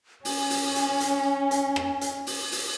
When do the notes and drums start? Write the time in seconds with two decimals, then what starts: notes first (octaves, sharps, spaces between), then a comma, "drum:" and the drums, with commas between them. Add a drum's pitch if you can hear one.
0.25 C#4 G#5, drum: open hi-hat
0.50 drum: open hi-hat
0.75 drum: hi-hat
1.00 drum: hi-hat
1.51 drum: hi-hat
1.76 drum: rim click
2.01 drum: hi-hat
2.27 drum: open hi-hat
2.52 drum: open hi-hat